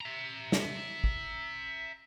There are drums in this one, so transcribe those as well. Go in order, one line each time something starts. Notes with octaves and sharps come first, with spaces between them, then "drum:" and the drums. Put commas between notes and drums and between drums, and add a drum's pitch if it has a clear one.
E5 A#5
drum: snare
drum: kick